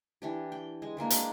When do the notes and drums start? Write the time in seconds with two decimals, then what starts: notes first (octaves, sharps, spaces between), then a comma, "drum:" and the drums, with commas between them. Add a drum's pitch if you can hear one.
0.22 E3 D4 G4
0.52 G5
0.82 G#3
0.97 E3 G#3 A#3 D4
1.10 drum: hi-hat